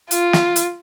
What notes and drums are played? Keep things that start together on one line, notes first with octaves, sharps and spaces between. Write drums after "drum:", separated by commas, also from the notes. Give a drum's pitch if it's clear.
F4, drum: hi-hat
drum: snare
drum: hi-hat